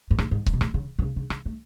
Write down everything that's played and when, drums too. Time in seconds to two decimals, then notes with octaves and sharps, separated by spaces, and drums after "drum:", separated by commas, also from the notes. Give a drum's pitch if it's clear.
0.11 G#2
0.18 A2, drum: rim click
0.31 G#2
0.46 F#2, drum: kick C#1
0.53 B2
0.61 A2, drum: rim click
0.74 C#3
0.99 D3
1.02 C#3
1.16 C#3
1.30 C#3, drum: rim click
1.46 A3